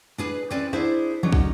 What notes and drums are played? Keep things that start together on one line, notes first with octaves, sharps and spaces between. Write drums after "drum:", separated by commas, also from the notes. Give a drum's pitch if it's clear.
D4 G#4 B4
C4 C#4 E4 G#4 B4 D5
D4 E4 G#4 C5 E5
D3 F#3 C#4 D#4
drum: kick